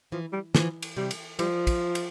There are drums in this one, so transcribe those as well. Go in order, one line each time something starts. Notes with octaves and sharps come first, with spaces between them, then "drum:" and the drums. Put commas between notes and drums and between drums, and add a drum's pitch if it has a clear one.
E3 F3
G3
E3 F3, drum: snare
drum: cymbal
C3 G3
drum: cymbal
F3 G3, drum: cymbal
drum: kick, cymbal
drum: cymbal